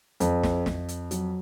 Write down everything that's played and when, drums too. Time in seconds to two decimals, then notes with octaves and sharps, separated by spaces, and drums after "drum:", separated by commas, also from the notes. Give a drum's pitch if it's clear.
0.20 F2, drum: hi-hat
0.43 drum: snare
0.66 F2, drum: snare
0.88 drum: hi-hat
1.11 F#3, drum: hi-hat